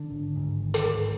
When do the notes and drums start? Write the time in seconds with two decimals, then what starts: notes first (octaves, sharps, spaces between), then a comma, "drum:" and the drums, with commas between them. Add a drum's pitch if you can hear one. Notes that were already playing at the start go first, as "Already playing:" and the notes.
Already playing: D3 D4
0.10 G#1
0.36 G#2
0.60 G#1
0.74 drum: hi-hat
0.85 G#2